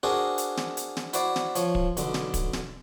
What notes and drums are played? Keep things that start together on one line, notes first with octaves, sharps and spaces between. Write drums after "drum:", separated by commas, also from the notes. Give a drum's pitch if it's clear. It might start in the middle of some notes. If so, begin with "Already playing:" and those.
C4 D4 F#4 G#4 A#4
drum: hi-hat
drum: snare
drum: hi-hat
drum: snare
E4 F#4 C5 D5, drum: hi-hat
drum: snare
F3 C#5, drum: hi-hat
drum: kick
B1 D3, drum: hi-hat
drum: snare
drum: kick, hi-hat
drum: snare